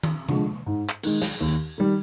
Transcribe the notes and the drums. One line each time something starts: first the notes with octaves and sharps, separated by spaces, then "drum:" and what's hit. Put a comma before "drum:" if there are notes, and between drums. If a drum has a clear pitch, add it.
drum: tom D#3
D3 F3 G#3, drum: tom C3
G#2
drum: clap
D#3 G#3, drum: cymbal
drum: snare
D#2
D#3 G3